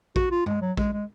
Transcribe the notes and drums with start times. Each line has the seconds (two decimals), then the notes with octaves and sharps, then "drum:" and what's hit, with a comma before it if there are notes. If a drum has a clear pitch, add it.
0.16 F#4, drum: kick
0.31 F4
0.46 G#3, drum: tom G2
0.61 F#3
0.77 G#3, drum: kick
0.93 G#3